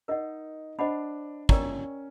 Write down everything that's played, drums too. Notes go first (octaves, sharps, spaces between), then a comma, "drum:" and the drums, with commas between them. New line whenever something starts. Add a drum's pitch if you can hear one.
D#4 A#4 D#5 F#5
D4 C5 D#5 F#5 B5
C#4 A#4 D5 G5 A#5 C#6, drum: kick